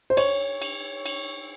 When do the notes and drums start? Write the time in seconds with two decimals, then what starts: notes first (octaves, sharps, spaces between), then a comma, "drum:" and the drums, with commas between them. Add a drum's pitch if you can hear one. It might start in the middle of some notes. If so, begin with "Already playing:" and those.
0.10 C5
0.17 C#5, drum: cymbal
0.62 drum: cymbal
1.06 drum: cymbal